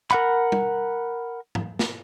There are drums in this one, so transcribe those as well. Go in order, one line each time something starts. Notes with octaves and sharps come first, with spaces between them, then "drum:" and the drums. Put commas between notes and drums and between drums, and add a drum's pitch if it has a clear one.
A#4 F#5 B5, drum: clap
drum: tom
drum: tom G#2
drum: snare